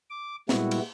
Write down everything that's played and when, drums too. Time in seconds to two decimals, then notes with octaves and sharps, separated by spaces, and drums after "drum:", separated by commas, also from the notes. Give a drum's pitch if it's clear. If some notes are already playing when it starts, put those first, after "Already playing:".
0.10 D6
0.49 A#2 G3 G#3 B3 E4 F#4, drum: snare
0.71 drum: cymbal